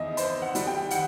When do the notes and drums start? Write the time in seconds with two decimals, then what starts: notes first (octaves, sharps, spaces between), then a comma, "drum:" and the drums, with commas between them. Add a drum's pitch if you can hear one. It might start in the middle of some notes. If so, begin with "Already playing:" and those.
Already playing: E2 D#3 D#5 E5
0.17 B3 C5, drum: hi-hat
0.42 F#5
0.55 G3, drum: hi-hat
0.67 G5
0.91 D#3 F#5, drum: hi-hat